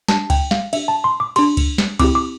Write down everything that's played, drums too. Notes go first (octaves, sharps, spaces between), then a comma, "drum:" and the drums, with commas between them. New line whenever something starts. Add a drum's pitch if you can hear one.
D4 G4 A5, drum: snare
G5, drum: kick C#2, cymbal
F5, drum: snare
D4 G4 E5, drum: cymbal
A5
C6
D6
D4 G4 C6, drum: cymbal
drum: kick C#2, cymbal
drum: snare
C4 E4 G4 D6, drum: kick C#2, cymbal
D6